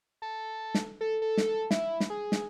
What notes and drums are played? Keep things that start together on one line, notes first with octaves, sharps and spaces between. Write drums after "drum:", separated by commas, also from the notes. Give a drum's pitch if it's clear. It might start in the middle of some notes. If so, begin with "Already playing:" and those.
A4
drum: snare
A4
A4
drum: snare
E4, drum: snare
drum: snare
G#4
drum: snare